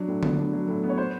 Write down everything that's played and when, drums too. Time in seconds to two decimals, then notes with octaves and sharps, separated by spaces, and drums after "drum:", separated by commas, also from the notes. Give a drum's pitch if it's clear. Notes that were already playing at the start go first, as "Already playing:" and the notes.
Already playing: F#3 D4
0.08 A2
0.23 B3, drum: tom D3
0.39 D4
0.53 F#3
0.68 A2
0.83 B3
0.89 C#5
0.98 C5